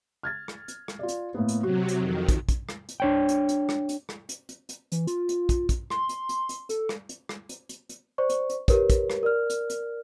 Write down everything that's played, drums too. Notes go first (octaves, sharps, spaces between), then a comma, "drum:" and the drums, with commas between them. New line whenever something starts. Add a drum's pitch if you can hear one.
F6 G#6 A6
drum: rim click
drum: hi-hat
drum: rim click
F4 D5
drum: hi-hat
A2 A#3 B3
drum: hi-hat
C3 F#3 F#4
drum: hi-hat
F2 D#3
drum: kick, hi-hat
drum: kick, hi-hat
drum: rim click
drum: hi-hat
D4 C#5 G5
drum: hi-hat
drum: hi-hat
drum: rim click
drum: hi-hat
drum: rim click
drum: hi-hat
drum: hi-hat
drum: hi-hat
E3, drum: hi-hat
F4, drum: hi-hat
drum: hi-hat
drum: kick, hi-hat
drum: kick, hi-hat
C6, drum: rim click
drum: hi-hat
drum: hi-hat
drum: hi-hat
A4, drum: hi-hat
drum: rim click
drum: hi-hat
drum: rim click
drum: hi-hat
drum: hi-hat
drum: hi-hat
C5 D5 C#6
drum: hi-hat
drum: hi-hat
G4 A#4 B4 C#5, drum: kick, hi-hat
drum: kick, hi-hat
drum: rim click
A#4 D5 F6
drum: hi-hat
drum: hi-hat